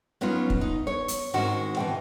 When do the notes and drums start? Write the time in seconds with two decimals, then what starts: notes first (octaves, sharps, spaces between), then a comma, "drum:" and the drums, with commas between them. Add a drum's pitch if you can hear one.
0.21 F#3 B3 C#4 D#4 F4
0.50 drum: kick
0.61 D#4
0.87 C#5
1.08 drum: hi-hat
1.34 G#2 D#3 G#3 C4 C#4 F#4
1.77 B2 E3 G5